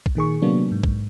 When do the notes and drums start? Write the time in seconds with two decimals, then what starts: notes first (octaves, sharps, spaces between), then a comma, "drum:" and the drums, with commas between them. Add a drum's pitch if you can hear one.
0.06 drum: kick
0.15 A#2 D#3 G#4 C#6
0.42 C3 F#3 A#3 B3 D4
0.72 G#2
0.83 drum: kick